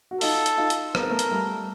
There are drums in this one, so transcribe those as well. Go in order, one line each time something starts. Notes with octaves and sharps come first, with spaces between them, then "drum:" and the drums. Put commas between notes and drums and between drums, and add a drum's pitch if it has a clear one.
F#4
D#4 F4 A4, drum: open hi-hat
drum: hi-hat
D#4 F4
drum: hi-hat
B3 A#4, drum: rim click
C4
A3 B3
drum: hi-hat
G3 A3